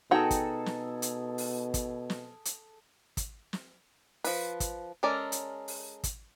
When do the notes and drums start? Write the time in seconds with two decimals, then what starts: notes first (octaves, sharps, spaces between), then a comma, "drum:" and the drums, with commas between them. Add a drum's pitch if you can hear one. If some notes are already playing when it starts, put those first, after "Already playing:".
0.11 B2 D#4 F#4 G#4 A4 G5 E6
0.31 drum: kick, hi-hat
0.66 drum: snare
1.02 drum: hi-hat
1.38 drum: open hi-hat
1.74 drum: kick, hi-hat
2.10 drum: snare
2.45 drum: hi-hat
3.17 drum: kick, hi-hat
3.53 drum: snare
4.24 F3 B4, drum: open hi-hat
4.60 drum: kick, hi-hat
5.03 G#3 C#4 A4 A#4 D5
5.32 drum: hi-hat
5.68 drum: open hi-hat
6.04 drum: kick, hi-hat